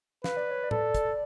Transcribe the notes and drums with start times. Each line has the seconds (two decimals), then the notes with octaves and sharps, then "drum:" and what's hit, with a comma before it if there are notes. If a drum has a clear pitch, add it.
0.24 B4 F5, drum: snare
0.37 D5
0.51 C#5
0.64 D5
0.71 A4, drum: tom A2
0.95 drum: kick, hi-hat